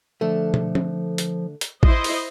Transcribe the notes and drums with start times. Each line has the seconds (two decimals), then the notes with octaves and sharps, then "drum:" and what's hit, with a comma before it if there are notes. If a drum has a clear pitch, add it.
0.21 D3 F3 A3 A4
0.54 drum: tom
0.75 drum: tom
1.18 drum: hi-hat
1.61 drum: hi-hat
1.83 E4 C5 D#5, drum: kick A1
2.04 drum: open hi-hat